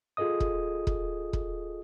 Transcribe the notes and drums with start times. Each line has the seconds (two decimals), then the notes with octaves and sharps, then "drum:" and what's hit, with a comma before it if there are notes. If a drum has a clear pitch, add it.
0.17 F4 G#4 A4 D#5 D#6
0.40 drum: kick
0.87 drum: kick
1.33 drum: kick